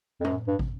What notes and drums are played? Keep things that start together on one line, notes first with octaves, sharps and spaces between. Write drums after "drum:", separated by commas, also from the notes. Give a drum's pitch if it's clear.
F2
F#2, drum: tom
G2
drum: kick